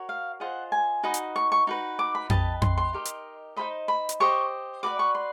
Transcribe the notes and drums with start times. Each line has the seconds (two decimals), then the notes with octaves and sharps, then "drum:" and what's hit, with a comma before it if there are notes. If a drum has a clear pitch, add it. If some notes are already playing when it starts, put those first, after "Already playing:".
Already playing: F#4 A#4 C#5
0.09 F5
0.40 F4 G#4 C5 D#5 F#5
0.72 G#5
1.03 D#4 F#4 B4 D#5
1.14 drum: hi-hat
1.36 C#6
1.52 C#6
1.67 D#4 F#4 B4
1.99 D6
2.15 B5
2.30 G4 B4 D#5 A5, drum: tom F2
2.62 C6, drum: tom F2
2.78 C6
2.93 D#4 G4 A#4 D#5
3.05 drum: hi-hat
3.56 D#4 G4 C5 D#5 B5
3.88 B5
4.09 drum: hi-hat
4.20 G4 C5 D#5 C#6
4.83 F#4 B4 D5 D6
4.99 C#6
5.15 C6